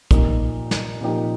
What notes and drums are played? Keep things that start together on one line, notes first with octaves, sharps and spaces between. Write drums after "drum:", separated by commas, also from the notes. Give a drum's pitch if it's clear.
A#2 F3 A#3 D#4 G4, drum: kick, hi-hat
drum: snare
A#2 F3 A#3 D#4 G4